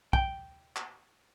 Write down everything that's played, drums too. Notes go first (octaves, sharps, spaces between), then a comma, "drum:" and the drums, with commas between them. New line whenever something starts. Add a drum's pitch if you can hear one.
G5, drum: kick
drum: clap